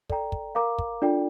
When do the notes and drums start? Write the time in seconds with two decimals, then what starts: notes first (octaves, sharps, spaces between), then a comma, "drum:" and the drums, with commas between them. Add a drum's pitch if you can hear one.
0.10 A4 D5 G5 A#5, drum: kick
0.32 drum: kick
0.55 A#4 F5 A#5 D6
0.78 drum: kick
1.02 D4 F4 A4 D5 G5